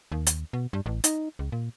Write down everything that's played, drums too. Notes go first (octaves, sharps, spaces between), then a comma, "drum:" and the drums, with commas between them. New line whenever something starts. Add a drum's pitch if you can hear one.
D#2
drum: hi-hat
B2
G2
A1
D#4, drum: hi-hat
C#2
A#2